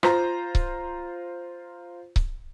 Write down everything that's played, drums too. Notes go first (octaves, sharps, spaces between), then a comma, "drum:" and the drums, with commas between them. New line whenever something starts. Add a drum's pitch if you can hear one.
F4 C5 A#5, drum: rim click
drum: kick C#1
drum: kick C#1